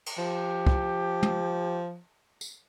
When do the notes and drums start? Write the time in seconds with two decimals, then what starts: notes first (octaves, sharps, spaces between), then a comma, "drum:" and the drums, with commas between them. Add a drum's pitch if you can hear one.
0.06 drum: cymbal
0.18 F3 G4
0.67 drum: kick
1.23 drum: tom
2.41 drum: tambourine